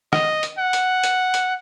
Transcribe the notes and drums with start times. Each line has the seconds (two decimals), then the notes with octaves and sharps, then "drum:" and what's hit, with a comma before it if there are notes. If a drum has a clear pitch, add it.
0.13 D#5, drum: rim click
0.43 drum: hi-hat
0.59 F#5
0.73 drum: hi-hat
1.04 drum: hi-hat
1.34 drum: hi-hat